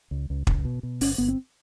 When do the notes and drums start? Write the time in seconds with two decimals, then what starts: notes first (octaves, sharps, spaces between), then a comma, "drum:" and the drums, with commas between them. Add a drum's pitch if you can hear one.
0.11 C#2
0.30 C#2
0.47 C#2, drum: kick
0.65 B2
0.83 B2
1.01 G1 C#4, drum: open hi-hat
1.18 G1 B3
1.28 C4